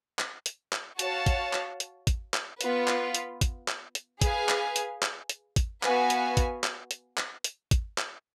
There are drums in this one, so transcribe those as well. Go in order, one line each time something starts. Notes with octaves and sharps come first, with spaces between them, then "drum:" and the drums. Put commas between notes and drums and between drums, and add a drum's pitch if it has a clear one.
drum: clap
drum: hi-hat
drum: clap
F#4 C#5 F5 A5, drum: hi-hat
drum: kick, hi-hat
drum: clap
drum: hi-hat
drum: kick, hi-hat
drum: clap
B3 F4 B4, drum: hi-hat
drum: clap
drum: hi-hat
drum: kick, hi-hat
drum: clap
drum: hi-hat
G#4 B4 F5 G#5, drum: kick, hi-hat
drum: clap
drum: hi-hat
drum: clap
drum: hi-hat
drum: kick, hi-hat
B3 F#4 B4 F5 G#5, drum: clap
drum: hi-hat
drum: kick, hi-hat
drum: clap
drum: hi-hat
drum: clap
drum: hi-hat
drum: kick, hi-hat
drum: clap